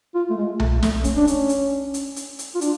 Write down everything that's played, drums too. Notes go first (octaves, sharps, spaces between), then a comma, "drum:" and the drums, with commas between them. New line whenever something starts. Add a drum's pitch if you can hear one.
F4
A3
G#3
A3, drum: tom B1
A3, drum: snare
C#4, drum: kick, hi-hat
D4
C#4, drum: hi-hat
drum: hi-hat
drum: hi-hat
drum: hi-hat
drum: hi-hat
F4
D4, drum: hi-hat